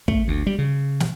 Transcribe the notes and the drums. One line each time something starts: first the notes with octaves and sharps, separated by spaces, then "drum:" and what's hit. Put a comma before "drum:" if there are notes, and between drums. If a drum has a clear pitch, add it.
A3, drum: kick
D2
G3
C#3
drum: snare